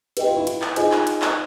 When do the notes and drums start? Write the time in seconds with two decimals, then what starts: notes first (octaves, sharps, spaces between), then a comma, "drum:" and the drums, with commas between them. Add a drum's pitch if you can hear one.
0.17 G4 B4 D#5 G5, drum: cymbal
0.27 F4
0.37 E4
0.47 E4, drum: cymbal
0.62 drum: clap
0.76 D#4 F4 G#4 C5 D#5 G#5, drum: cymbal
0.92 drum: clap
1.07 drum: cymbal
1.22 drum: clap